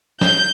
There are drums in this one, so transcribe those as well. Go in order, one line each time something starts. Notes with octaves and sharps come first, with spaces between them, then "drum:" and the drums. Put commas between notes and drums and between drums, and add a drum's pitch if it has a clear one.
G6, drum: snare